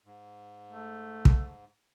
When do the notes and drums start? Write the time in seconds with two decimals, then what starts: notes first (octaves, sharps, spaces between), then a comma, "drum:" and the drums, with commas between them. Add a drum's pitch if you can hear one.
0.05 G#2
0.69 A3
1.25 drum: kick